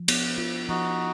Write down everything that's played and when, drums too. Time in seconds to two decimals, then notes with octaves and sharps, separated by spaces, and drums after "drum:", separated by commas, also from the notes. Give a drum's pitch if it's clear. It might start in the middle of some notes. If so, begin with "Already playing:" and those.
Already playing: F3
0.08 B3, drum: cymbal
0.38 F4
0.68 F3 D#4 F#4